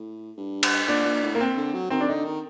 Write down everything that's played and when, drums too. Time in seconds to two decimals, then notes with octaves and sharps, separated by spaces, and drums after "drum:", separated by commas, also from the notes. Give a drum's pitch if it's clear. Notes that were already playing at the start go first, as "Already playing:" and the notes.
Already playing: A2
0.37 G2
0.63 drum: cymbal
0.88 A#2 D4
1.05 A#2
1.22 A2
1.35 A#3
1.40 C4
1.57 D3
1.74 F#3
1.90 D#3 C4
2.01 D4
2.08 D3 D#4
2.25 D#3